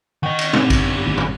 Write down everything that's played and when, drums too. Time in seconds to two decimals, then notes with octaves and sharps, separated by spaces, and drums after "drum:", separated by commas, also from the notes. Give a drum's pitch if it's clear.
0.23 D#3 D#5 F#5 G5 C#6
0.39 drum: cymbal
0.53 D3 C4 D#4 G4, drum: tom
0.70 drum: kick A1, cymbal
1.06 G#1 A2 D#3
1.18 drum: tom